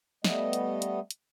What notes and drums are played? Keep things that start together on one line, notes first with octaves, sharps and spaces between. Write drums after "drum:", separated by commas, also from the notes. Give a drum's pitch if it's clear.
G3 A3 B3 D#5, drum: snare
drum: hi-hat
drum: hi-hat
drum: hi-hat